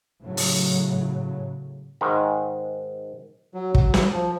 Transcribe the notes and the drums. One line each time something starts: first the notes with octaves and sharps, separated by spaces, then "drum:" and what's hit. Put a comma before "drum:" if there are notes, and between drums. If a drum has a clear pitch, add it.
A2 C#3 F#3
drum: open hi-hat
G#2 D#3 G#3
F#3
F#3, drum: kick
drum: snare
F3